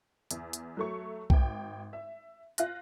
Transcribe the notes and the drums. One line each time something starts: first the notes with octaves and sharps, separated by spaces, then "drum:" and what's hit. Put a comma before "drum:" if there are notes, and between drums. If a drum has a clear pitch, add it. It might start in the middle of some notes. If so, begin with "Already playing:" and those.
E2, drum: hi-hat
drum: hi-hat
F#3 A3 C#6
G#1 G5, drum: kick B1
E5
F4 F#6 A#6, drum: hi-hat